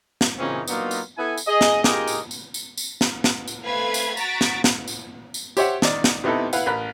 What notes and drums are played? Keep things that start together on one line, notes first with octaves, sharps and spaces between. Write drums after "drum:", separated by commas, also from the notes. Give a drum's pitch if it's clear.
drum: snare
A#2 C#3 E3 C4 C#4 D#4
F#3 A#3 B3 D4 D#4 F4, drum: tambourine
drum: tambourine
B3 E4 A4 B4 G#5
drum: tambourine
G#4 D#5
drum: snare
D#4 F4 G4 G#4 A#4 D#5, drum: snare
drum: tambourine
drum: tambourine
drum: tambourine
drum: tambourine
drum: snare
drum: snare
drum: tambourine
A3 C4 B4 F5 G#6
drum: tambourine
F#4 A#5 C#6 A6 B6 D7, drum: tambourine
drum: snare
drum: snare
drum: tambourine
drum: tambourine
G4 C5 C#5 E5 F#5, drum: tambourine
D#3 D5, drum: snare
drum: snare
C3 B3 D#4 E4 A4
E4 B4 F5 F#5, drum: tambourine
A1 A#4 B5 F#6